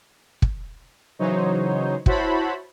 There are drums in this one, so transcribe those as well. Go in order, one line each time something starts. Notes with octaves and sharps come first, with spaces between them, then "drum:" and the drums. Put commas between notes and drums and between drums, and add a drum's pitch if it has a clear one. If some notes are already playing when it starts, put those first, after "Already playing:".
drum: kick
C#3 E3 F#3 D#4 C5 C#5
E4 F#4 C5 C#5 A5 B5, drum: kick